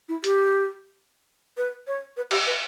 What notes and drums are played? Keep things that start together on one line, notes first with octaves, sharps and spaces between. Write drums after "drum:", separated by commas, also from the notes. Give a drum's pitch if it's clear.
E4
G4, drum: hi-hat
B4
C#5
B4
G4, drum: cymbal
B4